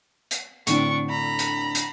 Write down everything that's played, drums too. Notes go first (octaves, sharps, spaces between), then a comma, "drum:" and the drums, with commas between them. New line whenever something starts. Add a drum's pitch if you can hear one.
drum: hi-hat
A2 D3 C4 D4 C#6, drum: hi-hat
A#5 B5
drum: hi-hat
drum: hi-hat